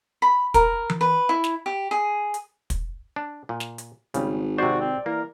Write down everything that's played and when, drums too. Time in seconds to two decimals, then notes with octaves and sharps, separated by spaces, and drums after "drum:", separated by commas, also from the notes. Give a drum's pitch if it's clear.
0.22 B5
0.54 A#4, drum: kick, hi-hat
0.90 drum: tom E3
1.01 B4
1.29 E4
1.44 drum: snare
1.66 G4
1.91 G#4
2.34 drum: hi-hat
2.70 drum: kick, hi-hat
3.16 D4
3.49 A#2
3.60 drum: snare
3.78 drum: hi-hat
4.14 G#1 C#3 G3, drum: hi-hat
4.58 C3 F#4 C5 D5
4.80 C4
5.06 E3 A#3 A#4